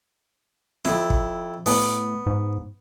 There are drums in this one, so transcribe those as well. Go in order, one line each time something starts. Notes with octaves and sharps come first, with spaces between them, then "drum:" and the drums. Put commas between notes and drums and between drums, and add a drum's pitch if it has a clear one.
F2 E4, drum: snare
drum: kick
A2 B3, drum: open hi-hat
G#2